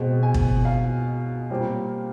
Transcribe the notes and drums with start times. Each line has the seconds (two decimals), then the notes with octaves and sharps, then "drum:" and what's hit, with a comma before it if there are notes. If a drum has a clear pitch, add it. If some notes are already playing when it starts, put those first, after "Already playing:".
Already playing: B2 G#3 C4
0.23 G#5
0.34 drum: kick
0.65 F5
1.50 A#2 G3 C4